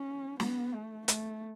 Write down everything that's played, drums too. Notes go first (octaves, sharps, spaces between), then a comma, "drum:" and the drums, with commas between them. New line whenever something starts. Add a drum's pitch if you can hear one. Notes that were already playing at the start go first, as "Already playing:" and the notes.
Already playing: C#4
B3, drum: snare
A3
A3, drum: hi-hat